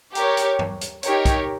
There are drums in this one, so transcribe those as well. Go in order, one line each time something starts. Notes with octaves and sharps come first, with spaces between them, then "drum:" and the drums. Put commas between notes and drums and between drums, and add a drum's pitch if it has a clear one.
G4 A#4 C#5, drum: hi-hat
drum: hi-hat
drum: tom G2
drum: hi-hat
D#4 G4 A#4 C#5, drum: hi-hat
drum: kick, hi-hat